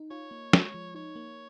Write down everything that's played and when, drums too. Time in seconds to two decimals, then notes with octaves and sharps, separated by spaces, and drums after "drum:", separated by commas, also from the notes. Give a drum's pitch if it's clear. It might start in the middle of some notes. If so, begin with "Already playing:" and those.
Already playing: D#4
0.11 F4 C#5
0.31 A#3
0.53 G#3, drum: snare
0.74 F3
0.95 D#4 C#5
1.16 A#3